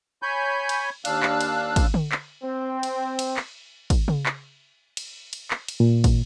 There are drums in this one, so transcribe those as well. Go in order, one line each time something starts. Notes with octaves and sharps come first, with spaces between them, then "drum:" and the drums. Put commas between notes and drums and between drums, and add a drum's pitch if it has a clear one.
C#5 G#5 B5 G6
drum: cymbal
D#2 D4 F5 E6 F#6, drum: cymbal
drum: clap
drum: cymbal
drum: kick, cymbal
drum: tom D3
drum: clap
C4
drum: cymbal
drum: cymbal
drum: clap
drum: kick, cymbal
drum: tom C#3
drum: clap
drum: cymbal
drum: cymbal
drum: clap
drum: cymbal
A#2
drum: kick, cymbal